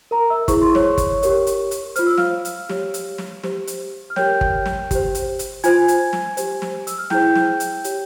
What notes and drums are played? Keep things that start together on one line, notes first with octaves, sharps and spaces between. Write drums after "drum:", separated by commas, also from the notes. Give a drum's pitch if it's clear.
A#4 A#5
E5 E6
E4 G#4 C5 C#6, drum: kick, hi-hat
C6
C#5 C#6, drum: snare
drum: kick, hi-hat
G4 A#4 C#5, drum: hi-hat
drum: hi-hat
drum: hi-hat
F4 C5 F6, drum: hi-hat
E6
F5 F6, drum: snare
drum: hi-hat
G4 C#5, drum: snare
drum: hi-hat
drum: snare
G4 C5, drum: snare
drum: hi-hat
F6
G4 A#4 C#5 G5 G6, drum: snare
drum: kick
drum: snare
G4 C5, drum: kick, hi-hat
drum: hi-hat
drum: hi-hat
F4 C5 G#5 G#6, drum: hi-hat
drum: hi-hat
drum: snare
G4 C5, drum: hi-hat
drum: snare
E6, drum: hi-hat
F6
E4 G#4 C5 G5 G6, drum: snare
drum: snare
drum: hi-hat
G4 C#5, drum: hi-hat